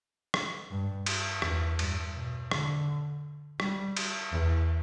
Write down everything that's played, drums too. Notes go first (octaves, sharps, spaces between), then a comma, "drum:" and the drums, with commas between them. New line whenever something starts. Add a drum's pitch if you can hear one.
drum: rim click
G2
drum: cymbal
E2, drum: rim click
G2, drum: cymbal
B2
D3, drum: rim click
G3, drum: rim click
drum: cymbal
E2